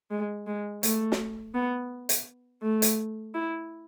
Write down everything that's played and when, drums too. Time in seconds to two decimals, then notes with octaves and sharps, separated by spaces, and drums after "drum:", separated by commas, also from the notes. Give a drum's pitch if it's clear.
0.10 G#3
0.47 G#3
0.83 A3, drum: hi-hat
1.12 drum: snare
1.55 B3
2.09 drum: hi-hat
2.62 A3
2.82 drum: hi-hat
3.34 E4